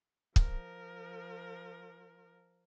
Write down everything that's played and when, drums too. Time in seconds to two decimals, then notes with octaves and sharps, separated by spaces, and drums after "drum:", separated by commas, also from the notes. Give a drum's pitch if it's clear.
0.36 F3 A#4, drum: kick